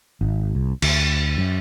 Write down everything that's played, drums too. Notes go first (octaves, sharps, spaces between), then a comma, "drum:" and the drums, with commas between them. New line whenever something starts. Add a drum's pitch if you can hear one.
G#1
C2
D2, drum: cymbal
F#2